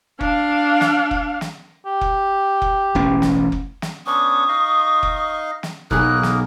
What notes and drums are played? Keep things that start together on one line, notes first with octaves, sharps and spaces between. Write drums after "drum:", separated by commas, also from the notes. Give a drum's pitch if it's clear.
D4 F5, drum: kick F1
drum: snare
drum: kick F1
drum: snare
G4
drum: kick F1
drum: kick F1
E1 A1 C#4
drum: snare
drum: kick F1
drum: snare
B3 C#4 D4 C#6 D#6
D#4 D#5 F5
drum: kick F1
drum: snare
B1 A#3 G#4 A#4 D#6 F#6, drum: kick F1
drum: snare